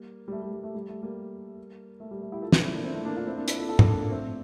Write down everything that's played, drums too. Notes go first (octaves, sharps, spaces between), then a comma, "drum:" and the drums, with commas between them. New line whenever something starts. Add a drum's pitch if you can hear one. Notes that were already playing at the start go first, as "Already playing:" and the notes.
Already playing: G3 A#3
G3
A3
G3
G3
A3
G3
A3
G3 A#3
A3
G3
A3
E4 G4
F4 A4
D4 F4, drum: snare
C4 E4
A#3 D4
C4 E4
A3 C4
A#3 D4
D4 F4
C4 E4
A#3 D4
C4 E4, drum: hi-hat
F4 A4
F4 A4
D4 F4, drum: tom
A#3 D4
A#3 D4
A3 C4